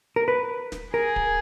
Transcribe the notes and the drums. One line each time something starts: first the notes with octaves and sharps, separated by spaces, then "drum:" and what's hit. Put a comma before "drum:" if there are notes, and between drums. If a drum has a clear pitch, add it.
A#4
B4
drum: snare
G#4 A#4
drum: kick D1